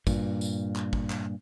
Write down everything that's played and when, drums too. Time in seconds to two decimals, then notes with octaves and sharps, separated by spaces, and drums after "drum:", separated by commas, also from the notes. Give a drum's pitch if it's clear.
0.07 G2 A#2, drum: kick, tambourine
0.41 drum: tambourine
0.76 drum: clap
0.93 drum: kick
1.10 drum: clap